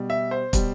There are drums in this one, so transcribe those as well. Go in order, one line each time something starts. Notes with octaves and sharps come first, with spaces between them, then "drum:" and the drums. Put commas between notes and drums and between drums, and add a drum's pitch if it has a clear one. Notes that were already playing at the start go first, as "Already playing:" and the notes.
Already playing: B2 G3
E5
C5
B2 G3, drum: kick, hi-hat